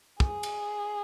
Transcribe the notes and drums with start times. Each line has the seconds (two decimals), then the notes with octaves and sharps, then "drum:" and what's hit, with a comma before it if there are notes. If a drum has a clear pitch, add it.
0.20 G#4, drum: kick
0.43 drum: cymbal